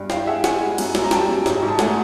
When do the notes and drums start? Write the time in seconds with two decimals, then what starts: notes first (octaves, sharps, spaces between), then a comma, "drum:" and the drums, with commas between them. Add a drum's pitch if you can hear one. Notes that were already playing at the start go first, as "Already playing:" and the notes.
Already playing: G2
0.10 E4 F5 G5, drum: snare
0.27 G#4 E5 F#5
0.44 G#4 F#5 G#5, drum: snare
0.61 G#3
0.78 F#2, drum: cymbal
0.95 F#2, drum: snare
1.04 A#5
1.11 G3 G5 A5, drum: snare
1.29 F#2
1.46 G#2, drum: snare
1.62 G#2
1.68 A5
1.79 A3 F#5 G#5, drum: snare